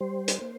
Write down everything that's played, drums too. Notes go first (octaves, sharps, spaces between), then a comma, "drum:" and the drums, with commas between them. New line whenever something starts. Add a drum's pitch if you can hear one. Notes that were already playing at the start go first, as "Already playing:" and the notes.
G3 C5
drum: hi-hat
A#3